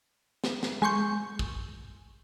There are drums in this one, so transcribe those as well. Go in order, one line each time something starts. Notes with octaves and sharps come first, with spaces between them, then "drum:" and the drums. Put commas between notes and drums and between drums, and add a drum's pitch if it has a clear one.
drum: snare
drum: snare
G#3 G#5 C6 C#6 G6
drum: kick